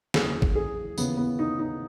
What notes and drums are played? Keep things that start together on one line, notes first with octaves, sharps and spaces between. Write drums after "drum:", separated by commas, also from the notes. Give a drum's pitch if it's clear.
F#1 E2 C#3 E3 G#4, drum: snare
drum: kick A1
G#4
D#2 C#3 E3 B3, drum: tambourine
B3
D#4
D#4